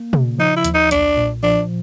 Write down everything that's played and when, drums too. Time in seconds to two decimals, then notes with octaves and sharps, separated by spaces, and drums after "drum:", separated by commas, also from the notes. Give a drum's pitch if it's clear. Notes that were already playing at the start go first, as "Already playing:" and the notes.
Already playing: A#3
0.13 C#3, drum: tom
0.38 F3 D#4
0.56 E4
0.64 D#2, drum: hi-hat
0.74 D#4
0.91 B1 D4, drum: hi-hat
1.17 A#2
1.43 F3 D4